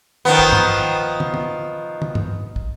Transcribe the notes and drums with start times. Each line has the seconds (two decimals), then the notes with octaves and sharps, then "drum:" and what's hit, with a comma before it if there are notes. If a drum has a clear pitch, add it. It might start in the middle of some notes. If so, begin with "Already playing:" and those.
0.25 D#3 F3 B3
0.39 drum: kick
0.52 drum: tom G2
1.20 drum: tom
1.34 drum: tom
2.02 drum: tom
2.15 drum: tom G2
2.56 drum: kick